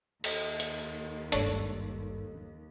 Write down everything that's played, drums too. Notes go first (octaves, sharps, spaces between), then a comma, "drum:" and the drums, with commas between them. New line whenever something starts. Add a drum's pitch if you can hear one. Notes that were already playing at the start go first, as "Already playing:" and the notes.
D#2 A4 D#5, drum: cymbal
drum: hi-hat
G#1 G2 D4 A4 C#5, drum: hi-hat